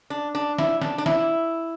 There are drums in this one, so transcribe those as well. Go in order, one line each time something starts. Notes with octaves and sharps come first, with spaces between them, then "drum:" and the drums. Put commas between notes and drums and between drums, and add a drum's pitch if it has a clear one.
D4
D4
E4, drum: snare
D4, drum: snare
D4
E4, drum: snare